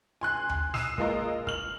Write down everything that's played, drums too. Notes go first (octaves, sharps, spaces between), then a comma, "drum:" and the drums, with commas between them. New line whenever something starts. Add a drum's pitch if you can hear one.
G#5 C6 F#6
drum: tom D2
D#6 E6 C7 D#7 E7, drum: snare
G#3 A#3 F4 A#4 D#5, drum: kick
F6 F#7, drum: kick